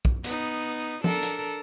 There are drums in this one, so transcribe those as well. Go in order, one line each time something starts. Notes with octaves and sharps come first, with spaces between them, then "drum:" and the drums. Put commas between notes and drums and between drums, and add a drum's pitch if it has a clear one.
drum: kick
B3 D#4, drum: hi-hat
D4 A4 A#4, drum: tom F3
drum: hi-hat